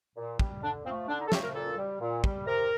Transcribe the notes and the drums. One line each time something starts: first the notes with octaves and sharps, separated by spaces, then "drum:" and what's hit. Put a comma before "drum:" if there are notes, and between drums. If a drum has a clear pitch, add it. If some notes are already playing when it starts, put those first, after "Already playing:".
A#2
G3, drum: kick
D3 D4
F3 C4
A3
D3 D4
D#4
A4
F3 A3 G4, drum: snare
A#4
A#2 A4
G3
A#2
G3, drum: kick
C3 A#4